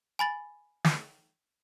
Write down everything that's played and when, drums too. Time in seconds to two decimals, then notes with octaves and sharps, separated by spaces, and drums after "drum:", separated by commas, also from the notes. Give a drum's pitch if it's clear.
0.19 G#5 B5 A6 F#7
0.84 drum: snare